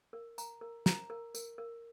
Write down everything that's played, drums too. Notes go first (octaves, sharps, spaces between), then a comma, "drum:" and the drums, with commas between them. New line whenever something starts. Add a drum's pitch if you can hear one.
A#4
A#5, drum: tambourine
A#4
A#5, drum: snare
A#4
A#4, drum: tambourine
A#4